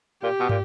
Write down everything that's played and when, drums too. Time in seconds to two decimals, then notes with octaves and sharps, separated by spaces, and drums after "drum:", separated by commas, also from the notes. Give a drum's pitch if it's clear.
0.23 A#2 G4
0.40 B2
0.49 A#2, drum: tom